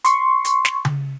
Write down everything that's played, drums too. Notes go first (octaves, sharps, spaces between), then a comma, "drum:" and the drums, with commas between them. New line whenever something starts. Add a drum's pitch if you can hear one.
C6 C#6, drum: hi-hat
drum: hi-hat
drum: snare
drum: tom C#3